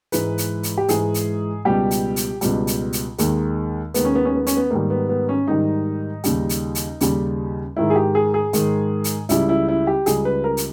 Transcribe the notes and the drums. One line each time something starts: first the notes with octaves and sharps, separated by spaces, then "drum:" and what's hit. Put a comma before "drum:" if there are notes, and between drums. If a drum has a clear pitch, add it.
G#2 E3 G#3 B4, drum: hi-hat
drum: hi-hat
drum: hi-hat
G4
G#2 E3 G#3 G#4, drum: hi-hat
drum: hi-hat
C#2 B2 G3 G4
drum: hi-hat
drum: hi-hat
C#2 B2 G3, drum: hi-hat
drum: hi-hat
drum: hi-hat
D#2 D#3 G#3, drum: hi-hat
D#2 D#3 G#3 B3, drum: hi-hat
C#4
B3
C#4
B3
C#4, drum: hi-hat
B3
G#2 D#3 G3 A#3
B3
B3
C#4
G#2 D#3 G3 D#4
D#2 C#3 G3, drum: hi-hat
drum: hi-hat
drum: hi-hat
D#2 C#3 G3, drum: hi-hat
G#2 D#3 G#3 E4
G#4
G4
G#4
G#4
G#2 D#3 G#3, drum: hi-hat
drum: hi-hat
C#2 C#3 G3 E4, drum: hi-hat
E4
E4
G4
C#2 C#3 G3 G#4, drum: hi-hat
B4
A#4
drum: hi-hat